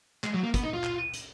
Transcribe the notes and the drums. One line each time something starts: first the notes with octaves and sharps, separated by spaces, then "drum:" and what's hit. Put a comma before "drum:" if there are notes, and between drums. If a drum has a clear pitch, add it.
G#3, drum: clap
F#3
A#3
B3, drum: kick, hi-hat
D#4
F4
drum: clap
drum: hi-hat